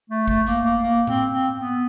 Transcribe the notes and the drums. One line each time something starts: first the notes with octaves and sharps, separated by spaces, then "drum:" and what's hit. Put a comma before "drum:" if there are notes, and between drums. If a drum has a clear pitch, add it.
A3
A3, drum: kick
A#3, drum: hi-hat
A#3
A#3
C4, drum: tom A2
C4
B3